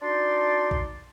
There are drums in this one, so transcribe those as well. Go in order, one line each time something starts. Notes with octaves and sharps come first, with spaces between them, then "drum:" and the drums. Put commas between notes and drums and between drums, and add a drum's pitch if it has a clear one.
D4 D#4 F#4 D5 A5 C6
drum: kick A#1